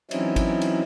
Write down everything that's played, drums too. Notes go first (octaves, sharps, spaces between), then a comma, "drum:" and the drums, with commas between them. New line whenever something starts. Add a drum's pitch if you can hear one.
E3 F#3 C4 C#4 D#4 E4, drum: cymbal
drum: kick, cymbal
drum: cymbal